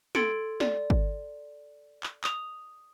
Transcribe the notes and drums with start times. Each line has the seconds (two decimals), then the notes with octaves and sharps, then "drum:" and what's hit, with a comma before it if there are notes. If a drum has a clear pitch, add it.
0.15 A4 C6 G#6 A6 C#7 D7, drum: snare
0.60 D5, drum: snare
0.90 drum: kick
2.03 drum: clap
2.24 D#6 F7, drum: clap